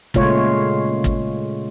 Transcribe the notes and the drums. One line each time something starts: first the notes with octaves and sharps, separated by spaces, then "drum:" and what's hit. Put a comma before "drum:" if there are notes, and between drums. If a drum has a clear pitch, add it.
A#2 C#3 G#3 A3 F4 C#5, drum: kick
drum: kick